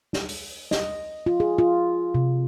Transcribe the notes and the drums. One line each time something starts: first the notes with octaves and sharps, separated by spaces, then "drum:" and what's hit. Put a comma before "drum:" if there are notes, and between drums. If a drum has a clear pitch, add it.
drum: snare
drum: open hi-hat
D#5, drum: snare
F4
G#4
F4
C3